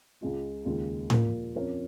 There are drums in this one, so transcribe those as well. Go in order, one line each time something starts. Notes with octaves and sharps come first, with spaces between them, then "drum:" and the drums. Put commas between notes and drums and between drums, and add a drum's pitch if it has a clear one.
C#2 C#3 G#3 F4
D#2 C#3 G#3 F4
A#2 F3 A#3 F4 A#4, drum: tom A2
F2 F3 C#4 A#4 C#5